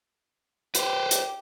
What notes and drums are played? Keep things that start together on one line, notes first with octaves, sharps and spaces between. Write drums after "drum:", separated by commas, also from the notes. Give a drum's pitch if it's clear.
G4 B4 C5, drum: hi-hat
drum: hi-hat